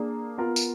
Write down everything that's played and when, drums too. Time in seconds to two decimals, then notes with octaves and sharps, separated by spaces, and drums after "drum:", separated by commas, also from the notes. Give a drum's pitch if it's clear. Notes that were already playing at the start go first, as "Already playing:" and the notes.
Already playing: A#3 D4 G#4
0.38 B3 F4 A#4
0.56 drum: tambourine